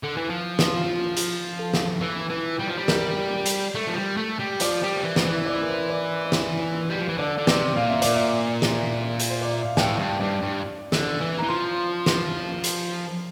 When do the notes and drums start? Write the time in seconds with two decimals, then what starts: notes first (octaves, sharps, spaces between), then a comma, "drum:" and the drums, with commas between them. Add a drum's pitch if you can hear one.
0.03 D3
0.17 E3
0.30 F3
0.59 drum: snare
0.73 F4
1.17 F4, drum: hi-hat
1.59 A4
1.74 drum: snare
2.02 E3
2.30 E3
2.59 G3
2.67 F3
2.77 G3
2.88 A#4, drum: snare
3.46 drum: hi-hat
3.75 A3
3.87 F3
3.95 G3
4.17 A3
4.39 G3
4.60 F3 D5, drum: hi-hat
4.83 G3
4.96 F3
5.03 E3
5.16 F3, drum: snare
5.25 E3
5.46 D5
5.55 C5
5.62 A#4
5.69 C5
5.89 D5
6.25 D5
6.32 C5, drum: snare
6.90 G3
6.98 F3
7.09 E3
7.18 D3 D5
7.38 D3
7.47 C3 D5, drum: snare
7.76 A#2 F5
7.89 E5
8.02 A#2 D5, drum: hi-hat
8.16 E5
8.62 drum: snare
9.19 drum: hi-hat
9.30 C5
9.41 D5
9.53 E5
9.65 F5
9.77 A2 G5, drum: snare
9.99 G2
10.20 G2 D5
10.42 G2
10.92 D3, drum: snare
11.20 E3
11.38 E3 A#5
11.48 F3 C6
12.06 drum: snare
12.64 drum: hi-hat